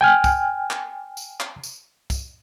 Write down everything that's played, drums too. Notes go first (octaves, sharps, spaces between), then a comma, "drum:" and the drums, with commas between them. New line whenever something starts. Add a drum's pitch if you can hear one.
G5 G#5 F6
drum: kick, tambourine
drum: clap
drum: tambourine
drum: clap
drum: tambourine
drum: kick, tambourine